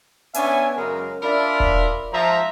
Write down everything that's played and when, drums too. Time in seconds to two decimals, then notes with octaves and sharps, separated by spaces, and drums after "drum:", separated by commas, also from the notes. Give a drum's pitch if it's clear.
0.34 B3 C#4 D4 E5 G#5, drum: hi-hat
0.77 F#2 C#3 G#3 A#4
1.23 D4 F4 A#4 D5 E5 B5
1.60 drum: kick E1
2.13 G#2 F3 E5 A#5